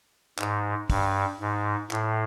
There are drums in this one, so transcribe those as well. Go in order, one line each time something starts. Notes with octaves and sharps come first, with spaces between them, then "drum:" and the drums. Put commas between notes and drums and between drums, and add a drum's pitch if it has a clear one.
G#2, drum: clap
G2, drum: kick, open hi-hat
G#2
A2, drum: clap